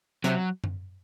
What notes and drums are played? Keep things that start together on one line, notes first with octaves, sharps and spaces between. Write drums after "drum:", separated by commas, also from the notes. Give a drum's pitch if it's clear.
C3 F#3, drum: hi-hat
drum: tom F#2